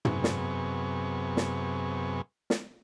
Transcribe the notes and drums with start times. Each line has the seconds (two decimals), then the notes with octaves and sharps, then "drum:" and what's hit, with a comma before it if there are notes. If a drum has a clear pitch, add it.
0.05 F#2 C3 B3 G#4 C#6, drum: tom
0.24 drum: snare
1.37 drum: snare
2.50 drum: snare